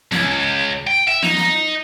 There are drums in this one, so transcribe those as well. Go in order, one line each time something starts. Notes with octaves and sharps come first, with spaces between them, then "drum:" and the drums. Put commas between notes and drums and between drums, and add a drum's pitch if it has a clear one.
C#2, drum: snare
G5
E5
D#4, drum: snare
drum: snare